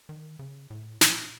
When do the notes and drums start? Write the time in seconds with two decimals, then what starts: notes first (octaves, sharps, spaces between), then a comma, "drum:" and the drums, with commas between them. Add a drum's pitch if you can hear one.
0.09 D#3
0.39 C#3
0.70 A2
1.01 A#2, drum: snare